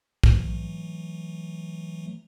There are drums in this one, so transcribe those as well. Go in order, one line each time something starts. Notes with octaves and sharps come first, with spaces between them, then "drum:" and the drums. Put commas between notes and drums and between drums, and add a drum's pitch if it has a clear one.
E3 F#3 A3, drum: kick